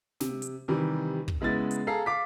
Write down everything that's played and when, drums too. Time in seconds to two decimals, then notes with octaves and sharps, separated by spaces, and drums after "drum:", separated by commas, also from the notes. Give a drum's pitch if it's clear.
0.20 C3, drum: snare
0.42 drum: hi-hat
0.68 C3 D#3 E3 G3
1.28 drum: kick
1.41 C#3 G#3 B3 E4 A6
1.71 drum: hi-hat
1.87 G#4 A4 F5 A#5 C7
2.06 F5 D6 B6